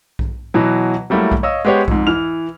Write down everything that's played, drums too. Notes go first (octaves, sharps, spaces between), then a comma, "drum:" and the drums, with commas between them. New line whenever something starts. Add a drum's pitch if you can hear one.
drum: kick B1
B2 E3 F#3
F#3 G3 A3 A#3 E4
drum: kick B1
C#5 D#5 F5 E6
G#3 B3 G4 C5 C#5
F2 G#2, drum: kick B1
E3 F6 F7